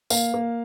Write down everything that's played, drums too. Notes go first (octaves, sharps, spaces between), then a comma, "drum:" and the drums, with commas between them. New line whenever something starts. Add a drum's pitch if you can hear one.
A#3 F5, drum: tambourine
A#3